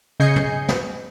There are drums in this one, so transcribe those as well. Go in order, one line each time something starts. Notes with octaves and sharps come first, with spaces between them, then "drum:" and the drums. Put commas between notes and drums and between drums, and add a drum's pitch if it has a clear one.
C#3 D#5 G#5 G6 C7 C#7
drum: tom
drum: snare